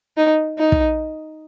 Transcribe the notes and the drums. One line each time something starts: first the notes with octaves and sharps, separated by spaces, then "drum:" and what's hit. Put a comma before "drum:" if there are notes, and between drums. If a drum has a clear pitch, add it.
D#4
D#4
drum: kick